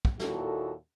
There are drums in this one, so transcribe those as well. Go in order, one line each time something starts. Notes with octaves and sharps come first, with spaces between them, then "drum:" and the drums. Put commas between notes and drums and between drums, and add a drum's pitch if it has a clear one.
drum: kick
D#2 A#2 E4 F#4 A4, drum: snare